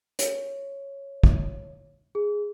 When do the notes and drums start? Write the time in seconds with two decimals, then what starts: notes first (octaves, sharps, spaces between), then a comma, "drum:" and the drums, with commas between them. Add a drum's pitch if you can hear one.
0.19 C#5, drum: hi-hat
1.24 drum: kick
2.15 G#4